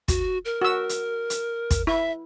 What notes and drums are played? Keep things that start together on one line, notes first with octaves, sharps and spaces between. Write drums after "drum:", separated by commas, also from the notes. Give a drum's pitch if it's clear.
F#4, drum: kick, hi-hat
A#4
F#4 E6
drum: hi-hat
drum: hi-hat
drum: kick, hi-hat
E4 E5